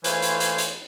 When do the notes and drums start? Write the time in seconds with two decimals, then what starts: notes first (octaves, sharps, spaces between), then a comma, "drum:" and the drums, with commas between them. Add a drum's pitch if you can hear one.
0.04 E3 G#3 A3 F4 C5 C#5, drum: hi-hat
0.22 drum: hi-hat
0.40 drum: hi-hat
0.58 drum: hi-hat